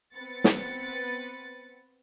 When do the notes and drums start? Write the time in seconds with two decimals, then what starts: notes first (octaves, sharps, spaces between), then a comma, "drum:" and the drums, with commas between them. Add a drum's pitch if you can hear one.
0.15 B3 C4 B4 A6 C#7
0.44 drum: snare